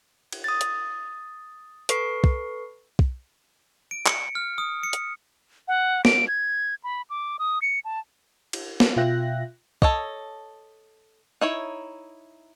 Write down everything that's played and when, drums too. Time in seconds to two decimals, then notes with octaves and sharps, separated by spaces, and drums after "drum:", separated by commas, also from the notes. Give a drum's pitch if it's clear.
0.32 drum: cymbal
0.44 D#6 A6
0.61 drum: hi-hat
1.89 A4 B4 C#6 C7, drum: hi-hat
2.24 drum: kick
2.99 drum: kick
3.91 D7
4.06 C#7, drum: clap
4.35 F6
4.58 D#6
4.83 C#7
4.93 drum: hi-hat
5.68 F#5
6.05 D7, drum: snare
6.28 G#6
6.84 B5
7.10 D6
7.39 D#6
7.62 C#7
7.85 A5
8.53 drum: cymbal
8.80 drum: snare
8.96 B2 F4 E5 G5 F#6 A#6
9.82 A4 C#5 D#5, drum: kick
11.41 D#4 E4 C#5